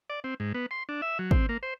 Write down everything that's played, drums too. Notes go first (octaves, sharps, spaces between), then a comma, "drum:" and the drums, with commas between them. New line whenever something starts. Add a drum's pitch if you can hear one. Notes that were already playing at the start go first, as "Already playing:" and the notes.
D5
C4
G#2
B3
C6
D4
E5
F#3
C4, drum: kick
A#3
C5